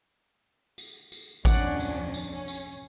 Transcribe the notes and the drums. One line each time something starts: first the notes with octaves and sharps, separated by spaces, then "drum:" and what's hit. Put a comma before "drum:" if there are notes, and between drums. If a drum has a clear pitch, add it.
drum: tambourine
drum: tambourine
F2 C#4 D4 D5 F#5, drum: kick A1, tambourine
drum: tambourine
drum: tambourine
C#4
drum: tambourine